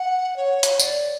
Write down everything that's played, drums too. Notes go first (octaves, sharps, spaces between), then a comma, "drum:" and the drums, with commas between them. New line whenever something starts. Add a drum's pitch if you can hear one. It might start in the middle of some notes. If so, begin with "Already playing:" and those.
Already playing: F#5
C#5
drum: hi-hat
D5, drum: tambourine